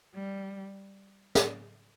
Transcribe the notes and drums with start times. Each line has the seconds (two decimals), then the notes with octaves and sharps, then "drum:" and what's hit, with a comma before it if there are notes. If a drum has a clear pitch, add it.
0.14 G3
1.35 drum: snare